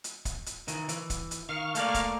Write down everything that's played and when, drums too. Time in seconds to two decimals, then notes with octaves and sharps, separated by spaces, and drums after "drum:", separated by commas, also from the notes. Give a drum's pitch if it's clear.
0.04 drum: hi-hat
0.25 drum: kick, hi-hat
0.46 drum: hi-hat
0.68 D#3 E3, drum: hi-hat
0.89 E3, drum: hi-hat
1.10 drum: kick, hi-hat
1.31 drum: hi-hat
1.49 D#3 F5 C#6 F6
1.75 A3 A#3 D5, drum: hi-hat
1.94 drum: kick, hi-hat